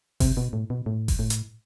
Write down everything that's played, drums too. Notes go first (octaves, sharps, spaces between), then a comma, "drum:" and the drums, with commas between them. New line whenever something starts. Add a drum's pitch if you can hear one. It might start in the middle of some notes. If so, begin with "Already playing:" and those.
C3, drum: kick G1, open hi-hat
B2
A2
B2
A2
drum: kick G1, open hi-hat
A2
drum: hi-hat